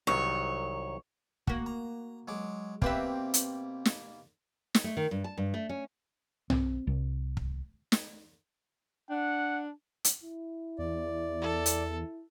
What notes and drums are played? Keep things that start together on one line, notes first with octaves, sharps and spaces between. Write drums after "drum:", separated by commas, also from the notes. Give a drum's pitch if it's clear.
C2 D#3 F#3 C#5
A#3 F#4, drum: kick
A#5
F#3 G#3 D6
B2 A#3 C4 G4 B4 E5, drum: kick
drum: hi-hat
drum: snare
drum: snare
A3
D#3
G2
A5
G2
A3
C#4
C4, drum: tom B1
C2
drum: kick
drum: snare
D4 F#5
drum: hi-hat
E4
E2 D5
A4
drum: hi-hat